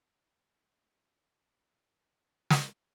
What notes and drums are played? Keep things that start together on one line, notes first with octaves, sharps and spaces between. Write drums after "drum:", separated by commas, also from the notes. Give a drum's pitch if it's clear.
E5 F5 G#5 A5
drum: snare